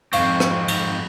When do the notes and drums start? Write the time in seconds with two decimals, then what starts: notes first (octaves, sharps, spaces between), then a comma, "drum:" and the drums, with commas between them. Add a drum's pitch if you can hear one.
0.13 F2 G#2 C4 F5 C#6, drum: cymbal
0.40 drum: rim click
0.68 drum: cymbal